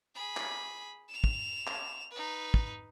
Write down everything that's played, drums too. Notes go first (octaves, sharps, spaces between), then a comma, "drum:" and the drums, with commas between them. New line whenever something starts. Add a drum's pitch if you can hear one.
G#4 B5
drum: clap
E7 F7
drum: kick
drum: clap
D#4 B4
drum: kick